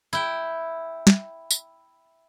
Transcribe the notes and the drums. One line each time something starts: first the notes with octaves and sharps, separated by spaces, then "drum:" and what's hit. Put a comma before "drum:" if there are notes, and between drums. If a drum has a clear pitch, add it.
E4 G5
drum: snare
drum: tambourine